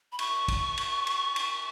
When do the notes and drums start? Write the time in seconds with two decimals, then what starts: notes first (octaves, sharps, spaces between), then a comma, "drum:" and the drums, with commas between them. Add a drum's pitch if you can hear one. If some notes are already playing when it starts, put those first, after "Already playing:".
0.12 B5
0.19 C#6, drum: cymbal
0.48 drum: kick, cymbal
0.78 drum: cymbal
1.07 drum: cymbal
1.36 drum: cymbal